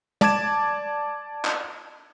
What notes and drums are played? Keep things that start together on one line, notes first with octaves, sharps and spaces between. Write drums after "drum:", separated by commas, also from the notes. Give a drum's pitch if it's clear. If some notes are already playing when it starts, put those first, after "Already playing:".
D5 A5 D6 G#6 E7, drum: tom
drum: clap